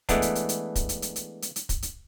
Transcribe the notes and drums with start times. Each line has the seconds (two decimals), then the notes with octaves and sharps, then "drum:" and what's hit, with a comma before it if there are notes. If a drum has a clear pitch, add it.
0.09 E3 G#3 A3 B3 D4, drum: kick, hi-hat
0.22 drum: hi-hat
0.35 drum: hi-hat
0.49 drum: hi-hat
0.76 drum: kick, hi-hat
0.89 drum: hi-hat
1.02 drum: hi-hat
1.16 drum: hi-hat
1.42 drum: hi-hat
1.56 drum: hi-hat
1.69 drum: kick, hi-hat
1.82 drum: hi-hat